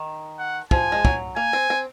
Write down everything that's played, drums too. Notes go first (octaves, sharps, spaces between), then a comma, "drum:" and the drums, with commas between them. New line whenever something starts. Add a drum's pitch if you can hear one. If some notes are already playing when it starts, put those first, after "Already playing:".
Already playing: D#3
F#5
F3 G#5, drum: kick
G#3
F#3, drum: kick
A#3 G#5
C4
C4